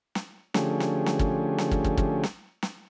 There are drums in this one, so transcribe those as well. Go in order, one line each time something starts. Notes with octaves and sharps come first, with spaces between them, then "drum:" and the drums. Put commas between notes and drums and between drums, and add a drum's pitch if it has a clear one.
drum: snare
D3 F3 A3 C#4 G4 G#4, drum: snare
drum: snare
drum: snare
drum: kick
drum: snare
drum: kick
drum: kick
drum: kick
drum: snare
drum: snare